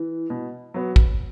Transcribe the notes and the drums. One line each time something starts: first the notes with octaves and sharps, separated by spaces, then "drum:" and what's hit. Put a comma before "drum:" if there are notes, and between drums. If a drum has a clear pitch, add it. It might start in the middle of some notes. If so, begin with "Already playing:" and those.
Already playing: E3
B2
F#3 B3
drum: kick